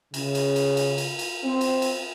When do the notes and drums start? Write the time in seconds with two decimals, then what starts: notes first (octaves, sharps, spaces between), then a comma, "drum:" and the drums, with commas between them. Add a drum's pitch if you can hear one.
0.14 C#3, drum: cymbal
0.35 drum: cymbal
0.56 drum: cymbal
0.77 drum: cymbal
0.98 drum: cymbal
1.19 drum: cymbal
1.43 C4
1.61 drum: cymbal
1.82 drum: cymbal